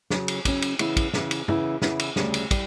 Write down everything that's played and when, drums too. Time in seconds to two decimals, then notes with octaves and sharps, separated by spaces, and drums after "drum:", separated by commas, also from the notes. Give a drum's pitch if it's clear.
0.10 C#3 F#3 C#4, drum: snare
0.28 drum: cymbal
0.45 C#3 F#3 C#4, drum: kick, cymbal
0.62 drum: cymbal
0.79 C#3 E3 B3 E4, drum: cymbal
0.97 drum: kick, cymbal
1.13 C#3 E3 B3 E4, drum: snare
1.31 drum: cymbal
1.48 C#3 E3 B3 E4, drum: tom G2
1.82 C#3 E3 B3 E4, drum: snare
1.99 drum: cymbal
2.16 D2 C#3 G3, drum: snare
2.34 drum: cymbal
2.51 G3, drum: kick, cymbal